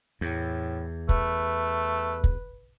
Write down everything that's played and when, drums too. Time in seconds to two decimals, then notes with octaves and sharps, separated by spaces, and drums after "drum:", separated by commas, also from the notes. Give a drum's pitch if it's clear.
0.21 E2 A2
1.09 A3 B4, drum: kick
2.24 drum: kick